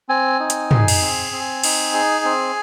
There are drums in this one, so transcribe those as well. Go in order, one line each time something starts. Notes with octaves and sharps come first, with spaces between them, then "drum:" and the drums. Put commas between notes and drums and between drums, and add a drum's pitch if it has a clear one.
C4 G#5
D#4
drum: hi-hat
G#4, drum: tom
drum: cymbal
C4
C4
D#4, drum: cymbal
G#4
C4